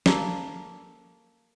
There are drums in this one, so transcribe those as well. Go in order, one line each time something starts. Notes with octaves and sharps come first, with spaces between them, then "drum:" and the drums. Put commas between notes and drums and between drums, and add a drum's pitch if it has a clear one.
A#3 A4, drum: snare